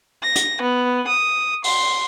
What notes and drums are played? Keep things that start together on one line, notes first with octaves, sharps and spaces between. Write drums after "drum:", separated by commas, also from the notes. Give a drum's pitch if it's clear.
A#6
drum: hi-hat
B3
D#6
C6, drum: open hi-hat